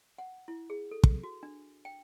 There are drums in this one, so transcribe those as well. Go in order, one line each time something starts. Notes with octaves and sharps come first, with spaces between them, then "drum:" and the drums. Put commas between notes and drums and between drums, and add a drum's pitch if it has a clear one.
F#5
E4
G#4
A4
drum: kick
F#4
D4
G5